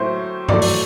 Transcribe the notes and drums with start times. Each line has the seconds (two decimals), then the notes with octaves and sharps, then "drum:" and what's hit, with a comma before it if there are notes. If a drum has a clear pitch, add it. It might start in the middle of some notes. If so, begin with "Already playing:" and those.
Already playing: A2 F#3 A3 C5
0.49 A2 F#3 A3 D5, drum: tom G2
0.62 drum: open hi-hat